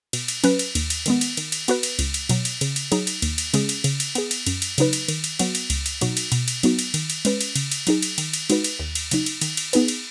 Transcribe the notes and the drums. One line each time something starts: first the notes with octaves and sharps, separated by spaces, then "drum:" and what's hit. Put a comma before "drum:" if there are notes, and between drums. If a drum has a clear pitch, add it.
B2, drum: cymbal
drum: cymbal
F#3 C#4 B4, drum: cymbal
drum: cymbal
D#2, drum: cymbal
drum: cymbal
D#3 G#3 B3, drum: cymbal
drum: cymbal
D#3, drum: cymbal
drum: cymbal
B3 F#4 B4, drum: cymbal
drum: cymbal
C#2, drum: cymbal
drum: cymbal
B2 F#3, drum: cymbal
drum: cymbal
C#3, drum: cymbal
drum: cymbal
F#3 D#4 G#4, drum: cymbal
drum: cymbal
D#2, drum: cymbal
drum: cymbal
C#3 G#3 C#4 G#4, drum: cymbal
drum: cymbal
C#3, drum: cymbal
drum: cymbal
B3 G#4, drum: cymbal
drum: cymbal
F#2, drum: cymbal
drum: cymbal
C#3 F#3 D#4 B4, drum: cymbal
drum: cymbal
D#3, drum: cymbal
drum: cymbal
F#3 B3 F#4, drum: cymbal
drum: cymbal
C#2, drum: cymbal
drum: cymbal
B2 F#3 D#4 F#4, drum: cymbal
drum: cymbal
B2, drum: cymbal
drum: cymbal
F#3 B3 D#4 F#4, drum: cymbal
drum: cymbal
D#3, drum: cymbal
drum: cymbal
G#3 C#4 B4, drum: cymbal
drum: cymbal
C#3, drum: cymbal
drum: cymbal
F#3 D#4 G#4, drum: cymbal
drum: cymbal
D#3, drum: cymbal
drum: cymbal
G#3 D#4 F#4 B4, drum: cymbal
drum: cymbal
D#2
drum: cymbal
C#3 F#3 D#4, drum: cymbal
drum: cymbal
D#3, drum: cymbal
drum: cymbal
B3 D#4 G#4 B4, drum: cymbal
drum: cymbal